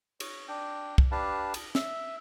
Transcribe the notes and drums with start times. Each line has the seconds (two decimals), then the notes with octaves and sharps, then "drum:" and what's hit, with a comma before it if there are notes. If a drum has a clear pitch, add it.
0.20 C#5, drum: cymbal
0.48 D4 G5
0.98 drum: kick
1.12 D4 G4 B4 F5 A5
1.54 drum: cymbal
1.75 E5, drum: snare